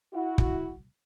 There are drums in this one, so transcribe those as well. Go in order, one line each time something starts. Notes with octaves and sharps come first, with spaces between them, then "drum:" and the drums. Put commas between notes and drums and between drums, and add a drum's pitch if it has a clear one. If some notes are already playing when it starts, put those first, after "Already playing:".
E4 F#4
drum: kick